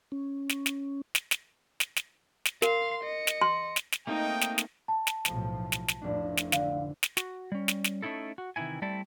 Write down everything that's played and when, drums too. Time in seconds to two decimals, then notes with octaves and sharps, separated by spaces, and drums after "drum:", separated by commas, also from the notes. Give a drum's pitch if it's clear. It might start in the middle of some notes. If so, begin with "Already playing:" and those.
0.12 C#4
0.49 drum: snare
0.66 drum: snare
1.15 drum: snare
1.31 drum: snare
1.80 drum: snare
1.96 drum: snare
2.45 drum: snare
2.62 A#4 F5 C6, drum: snare
3.04 D#5 C#7
3.27 drum: snare
3.42 C6
3.76 drum: snare
3.92 drum: snare
4.07 A3 A#3 C4 D#4 G5
4.41 drum: snare
4.58 drum: snare
4.88 A5
5.07 drum: snare
5.25 B1 A2 F3, drum: snare
5.72 drum: snare
5.88 drum: snare
6.02 F1 A2 D4
6.37 drum: snare
6.52 D3 F5, drum: snare
7.03 drum: snare
7.17 F#4, drum: snare
7.52 G3 C#4
7.68 drum: snare
7.84 drum: snare
8.02 A3 C#4 D#4 E4 A4
8.38 F#4
8.56 C3 D#3 E3 E4 G#5
8.82 G3 A3 C4 E4 D5 A5